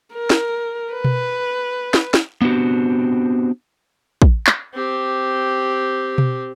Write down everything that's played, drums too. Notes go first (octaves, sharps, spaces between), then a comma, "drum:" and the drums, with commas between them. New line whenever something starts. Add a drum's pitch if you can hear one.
A#4
drum: snare
B4
drum: tom B2
drum: snare
drum: snare
B3 C4 D4 F#4 G4
drum: kick
drum: clap
C4 G4
drum: tom B2